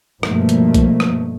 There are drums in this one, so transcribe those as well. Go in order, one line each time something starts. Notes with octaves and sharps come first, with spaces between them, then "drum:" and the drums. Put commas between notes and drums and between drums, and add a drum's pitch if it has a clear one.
G2 B2 F3 A3 A#3, drum: rim click
drum: hi-hat
drum: kick B1, hi-hat
drum: rim click